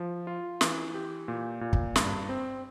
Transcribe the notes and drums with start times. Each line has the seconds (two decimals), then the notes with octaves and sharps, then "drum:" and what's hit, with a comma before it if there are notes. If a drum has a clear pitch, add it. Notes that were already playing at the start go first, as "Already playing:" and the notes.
Already playing: F3
0.27 F4
0.61 E3, drum: snare
0.94 G4
1.28 A#2
1.61 A#2
1.73 drum: kick
1.96 G2, drum: snare
2.29 C4